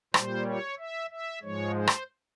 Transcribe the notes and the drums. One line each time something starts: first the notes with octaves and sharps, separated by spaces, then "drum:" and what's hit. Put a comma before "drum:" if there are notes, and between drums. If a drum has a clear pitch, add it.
A#2 G3 C5, drum: rim click
C#5
E5
E5
G#2 F3 G#3 C#5
C5
drum: rim click